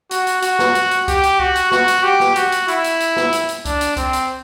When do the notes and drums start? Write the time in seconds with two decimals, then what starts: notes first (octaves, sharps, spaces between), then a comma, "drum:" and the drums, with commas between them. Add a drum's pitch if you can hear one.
0.11 F#4, drum: hi-hat
0.27 drum: hi-hat
0.42 F#4, drum: hi-hat
0.59 drum: snare
0.75 drum: hi-hat
0.91 drum: hi-hat
1.08 G4, drum: kick C#2, hi-hat
1.23 drum: hi-hat
1.40 F#4, drum: kick C#2
1.56 drum: hi-hat
1.72 F#4, drum: snare
1.88 drum: hi-hat
2.03 G4
2.20 drum: snare
2.36 F#4, drum: hi-hat
2.52 drum: hi-hat
2.68 E4, drum: hi-hat
2.84 drum: hi-hat
3.00 drum: hi-hat
3.16 drum: snare
3.33 drum: hi-hat
3.49 drum: hi-hat
3.65 D4, drum: kick C#2, hi-hat
3.81 drum: hi-hat
3.97 C4, drum: kick C#2, hi-hat
4.13 drum: hi-hat